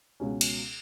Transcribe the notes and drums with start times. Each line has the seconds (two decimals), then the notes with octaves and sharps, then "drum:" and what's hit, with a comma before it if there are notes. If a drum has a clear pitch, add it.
0.20 C#2 B2 C#4
0.41 drum: cymbal